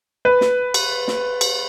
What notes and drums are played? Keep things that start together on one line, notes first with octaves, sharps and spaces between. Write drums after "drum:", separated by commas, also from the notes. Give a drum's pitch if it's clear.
B4
drum: snare
drum: cymbal
drum: snare
drum: cymbal